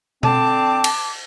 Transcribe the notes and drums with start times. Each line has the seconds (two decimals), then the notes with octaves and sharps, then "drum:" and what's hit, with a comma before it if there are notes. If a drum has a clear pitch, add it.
0.23 D3 C4 A5 D6, drum: tom B2
0.84 drum: cymbal